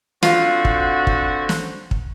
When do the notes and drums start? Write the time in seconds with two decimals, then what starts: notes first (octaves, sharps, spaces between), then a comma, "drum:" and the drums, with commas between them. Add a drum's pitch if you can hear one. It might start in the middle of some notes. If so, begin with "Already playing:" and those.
0.23 D3 C4 F4 F#4, drum: snare
0.65 drum: kick
1.07 drum: kick
1.49 drum: snare
1.91 drum: kick